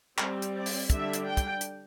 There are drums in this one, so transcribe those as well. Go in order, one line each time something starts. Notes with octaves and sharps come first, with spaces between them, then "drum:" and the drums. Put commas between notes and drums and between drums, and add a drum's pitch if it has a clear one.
G3 C4, drum: clap
drum: hi-hat
D5
drum: open hi-hat
D3 G3 D4 E5, drum: kick, hi-hat
drum: hi-hat
G5
drum: kick, hi-hat
drum: hi-hat